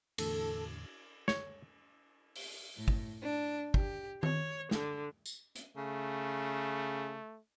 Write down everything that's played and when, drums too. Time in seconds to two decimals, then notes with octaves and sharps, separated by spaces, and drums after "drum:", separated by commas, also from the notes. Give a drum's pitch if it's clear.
0.18 E2 A2 D3 A4, drum: cymbal
1.28 C#5, drum: snare
2.36 drum: open hi-hat
2.77 A2
2.88 drum: kick
3.22 D4
3.74 G4, drum: kick
4.23 C#5, drum: tom D#3
4.71 D3, drum: snare
5.26 drum: tambourine
5.56 drum: hi-hat
5.76 C#3 A3